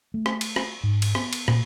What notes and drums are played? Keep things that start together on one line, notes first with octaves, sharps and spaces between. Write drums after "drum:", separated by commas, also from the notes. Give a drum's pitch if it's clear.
A3
drum: rim click
drum: cymbal
drum: rim click
G#2
drum: cymbal
B3, drum: rim click
drum: cymbal
A#2, drum: rim click